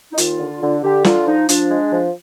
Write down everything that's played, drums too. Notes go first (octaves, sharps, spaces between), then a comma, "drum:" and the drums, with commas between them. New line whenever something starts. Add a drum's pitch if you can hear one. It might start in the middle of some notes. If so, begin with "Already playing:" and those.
D#4
D#2 F4, drum: hi-hat
D3
D3
D3 G4
D3 F4, drum: snare
F3 D#4
F3 D4, drum: hi-hat
G#3
F3